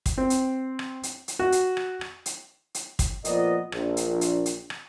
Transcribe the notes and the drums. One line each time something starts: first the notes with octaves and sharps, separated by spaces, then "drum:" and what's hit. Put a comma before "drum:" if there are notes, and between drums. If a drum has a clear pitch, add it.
drum: kick, hi-hat
C4
drum: hi-hat
drum: rim click
drum: hi-hat
drum: hi-hat
F#4
drum: hi-hat
drum: rim click
drum: rim click
drum: hi-hat
drum: hi-hat
drum: kick, hi-hat
A#2 F3 B3 A#4 D5 D#5, drum: hi-hat
A#1, drum: rim click
drum: hi-hat
drum: hi-hat
drum: hi-hat
drum: rim click